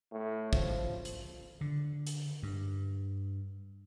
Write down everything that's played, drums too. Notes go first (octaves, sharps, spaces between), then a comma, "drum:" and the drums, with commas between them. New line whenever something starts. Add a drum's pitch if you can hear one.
A2
F3, drum: kick
drum: hi-hat
D3
drum: hi-hat
G2